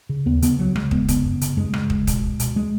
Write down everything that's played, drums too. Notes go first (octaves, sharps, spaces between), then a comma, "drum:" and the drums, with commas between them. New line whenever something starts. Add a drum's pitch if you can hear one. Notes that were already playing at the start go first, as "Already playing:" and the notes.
C#3
D#2 B3
C#3 B3, drum: hi-hat
C#2 F#3
C#3 G#3, drum: rim click
C#2 B3, drum: kick
C#3 B3, drum: kick, hi-hat
F#2
C#3, drum: hi-hat
F#2 G#3
C#3 G#3, drum: rim click
C#2, drum: kick
B2, drum: kick, hi-hat
C#2
B2, drum: hi-hat
G#3